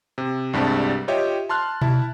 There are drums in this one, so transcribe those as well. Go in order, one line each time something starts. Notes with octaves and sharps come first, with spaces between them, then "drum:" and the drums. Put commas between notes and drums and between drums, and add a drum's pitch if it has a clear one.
C3
C2 G2 G3 G#3 C4 A5
F4 G4 C#5 D#5 E5 G5
A5 C6 F6 F#6
E4 A5, drum: tom B2